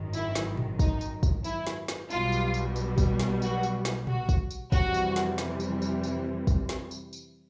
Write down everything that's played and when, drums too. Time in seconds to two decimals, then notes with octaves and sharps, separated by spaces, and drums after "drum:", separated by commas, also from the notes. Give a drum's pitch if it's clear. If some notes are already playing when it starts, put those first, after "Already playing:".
Already playing: G#1 F#2 D#3
0.13 E4, drum: tambourine
0.35 drum: snare
0.57 drum: tom A2
0.79 D#4, drum: kick, tambourine
1.01 drum: tambourine
1.23 drum: kick, tambourine
1.44 E4, drum: tambourine
1.67 drum: snare
1.88 drum: snare
2.10 B1 B2 G3 F4, drum: tambourine
2.32 drum: tambourine
2.54 drum: tambourine
2.76 drum: tambourine
2.98 drum: kick, tambourine
3.19 drum: snare
3.42 F#4, drum: tambourine
3.63 drum: tambourine
3.85 drum: snare
4.07 F#4, drum: tom A#2
4.29 drum: kick, tambourine
4.51 drum: tambourine
4.72 F2 C3 E3 G3 F#4, drum: kick, tambourine
4.94 drum: tambourine
5.16 drum: snare
5.38 drum: snare
5.60 drum: tambourine
5.82 drum: tambourine
6.04 drum: tambourine
6.47 drum: kick, tambourine
6.69 drum: snare
6.91 drum: tambourine
7.13 drum: tambourine